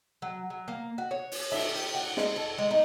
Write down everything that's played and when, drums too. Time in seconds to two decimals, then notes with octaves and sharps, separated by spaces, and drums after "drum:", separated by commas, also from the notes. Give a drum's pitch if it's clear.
0.22 F#3
0.50 F#3
0.68 A#3
0.98 F#4
1.11 C#5
1.32 drum: open hi-hat
1.52 E5, drum: cymbal
1.75 G4
1.95 F#4
2.17 G#3, drum: snare
2.36 A4
2.58 G#3
2.71 D#4